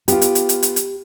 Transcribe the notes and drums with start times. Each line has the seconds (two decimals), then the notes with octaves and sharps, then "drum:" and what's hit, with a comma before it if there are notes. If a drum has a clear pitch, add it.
0.08 B3 F4 G4, drum: hi-hat
0.22 drum: hi-hat
0.35 drum: hi-hat
0.49 drum: hi-hat
0.63 drum: hi-hat
0.76 drum: hi-hat